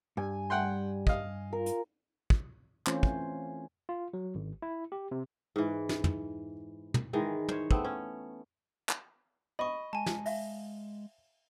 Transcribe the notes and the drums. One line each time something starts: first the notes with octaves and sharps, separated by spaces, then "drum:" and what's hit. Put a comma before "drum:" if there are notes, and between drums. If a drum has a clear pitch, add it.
G2 G#5
G3 F#5 G5 C6
D#5 F5, drum: kick
F4 A#4
drum: hi-hat
drum: kick
E3 A3 C4 C#4 F4 C5, drum: clap
drum: kick
F4
F#3
G#1
E4
G4
C3
G#2 E3
drum: snare
drum: tom
drum: tom
D#3 E3 G#3
C5 C#5, drum: tom
A3 B3 C4, drum: kick
C#4
drum: clap
D#5 B5 C#6
G#3 G#5 A5
drum: snare
E5 F5, drum: open hi-hat